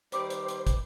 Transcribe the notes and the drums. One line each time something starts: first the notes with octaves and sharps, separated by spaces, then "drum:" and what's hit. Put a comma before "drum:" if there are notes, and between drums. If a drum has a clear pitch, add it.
D#3 G3 G4 B4 C5 D6, drum: hi-hat
drum: hi-hat
drum: hi-hat
drum: kick, hi-hat